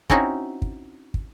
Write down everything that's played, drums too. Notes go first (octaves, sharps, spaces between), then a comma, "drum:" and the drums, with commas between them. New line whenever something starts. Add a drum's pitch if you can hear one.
C4 C#4 D#4 E4 F#4, drum: kick
drum: kick
drum: kick